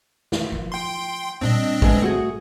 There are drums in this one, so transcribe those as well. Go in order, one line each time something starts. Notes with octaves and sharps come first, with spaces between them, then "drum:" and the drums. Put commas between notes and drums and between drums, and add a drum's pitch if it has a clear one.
drum: snare
F3 F4
G5 C6
A#2 G3 C4 D4 D#5
D2 G#3 B3, drum: kick
A3 F#4 G#4